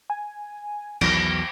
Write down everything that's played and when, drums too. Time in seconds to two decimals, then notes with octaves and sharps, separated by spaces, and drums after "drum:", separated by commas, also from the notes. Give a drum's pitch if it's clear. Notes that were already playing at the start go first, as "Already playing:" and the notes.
0.10 G#5
1.01 B1 E2 D#3 F#3 F6 A#6 D7, drum: cymbal